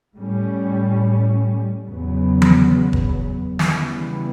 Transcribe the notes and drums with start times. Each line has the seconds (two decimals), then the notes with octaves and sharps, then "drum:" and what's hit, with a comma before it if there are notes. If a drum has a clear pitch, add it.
0.16 A2 G3 C#4
1.87 E2 C#3 F#3 B3
2.42 drum: tom E3
2.93 drum: kick
3.59 C#3 E3 G3 B3, drum: snare